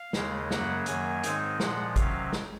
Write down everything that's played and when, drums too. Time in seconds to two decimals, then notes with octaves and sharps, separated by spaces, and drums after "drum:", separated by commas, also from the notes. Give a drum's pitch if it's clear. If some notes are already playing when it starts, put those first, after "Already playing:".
Already playing: F5
0.13 D#2 C#3 G#3, drum: snare
0.51 F#2 C#3 F#3 A#3 F#5, drum: snare
0.86 F#2 D#3 F#3 A#3 G#5, drum: hi-hat
1.24 G#2 D#3 G#3 C4 D#4, drum: hi-hat
1.60 A#2 F3 G#3 F#5, drum: snare
1.96 C3 D#3 F#3 C#4 F5, drum: kick G#1, hi-hat
2.33 drum: snare